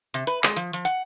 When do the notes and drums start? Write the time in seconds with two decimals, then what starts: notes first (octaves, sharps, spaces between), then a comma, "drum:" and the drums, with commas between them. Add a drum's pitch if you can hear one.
0.14 C3, drum: hi-hat
0.27 B4, drum: hi-hat
0.44 G#3, drum: clap
0.56 F3, drum: hi-hat
0.73 F3, drum: hi-hat
0.85 F#5, drum: hi-hat